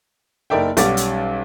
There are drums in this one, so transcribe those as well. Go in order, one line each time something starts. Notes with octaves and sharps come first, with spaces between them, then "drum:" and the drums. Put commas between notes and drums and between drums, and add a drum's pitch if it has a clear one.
F#1 D#4 A#4 D5 E5 G5
B1 G3 C#4 F#5 D6 A6, drum: hi-hat
drum: hi-hat